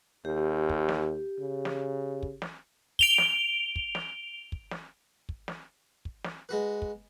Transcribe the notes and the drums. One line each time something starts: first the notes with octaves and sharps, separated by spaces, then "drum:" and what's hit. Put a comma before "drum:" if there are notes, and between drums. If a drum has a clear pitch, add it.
D#2 G4
drum: kick
drum: snare
C#3
drum: snare
drum: kick
drum: snare
D7 F7 G7, drum: kick
drum: snare
drum: kick
drum: snare
drum: kick
drum: snare
drum: kick
drum: snare
drum: kick
drum: snare
G#3 F#4 B4
drum: kick